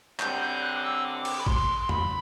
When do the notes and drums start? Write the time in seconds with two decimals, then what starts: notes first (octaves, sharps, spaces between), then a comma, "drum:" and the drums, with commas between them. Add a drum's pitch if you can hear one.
0.20 F#2 D3 G3 C4 G6, drum: clap
0.41 G6
0.62 F#6
0.76 D6
0.84 E6
1.04 D6
1.25 drum: cymbal
1.39 B5
1.46 C6, drum: kick
1.81 C6
1.89 B5, drum: tom